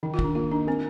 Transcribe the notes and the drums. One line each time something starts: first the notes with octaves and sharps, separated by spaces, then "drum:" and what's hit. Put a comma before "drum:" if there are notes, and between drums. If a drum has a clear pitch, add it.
D#3 D#4
F4
D#3, drum: kick
D4
A#3 F4
D4 D#4
C4 A#4